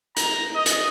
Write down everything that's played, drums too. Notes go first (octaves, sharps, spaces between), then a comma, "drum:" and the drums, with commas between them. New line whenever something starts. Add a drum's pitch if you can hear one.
A#5, drum: hi-hat
D#5
drum: hi-hat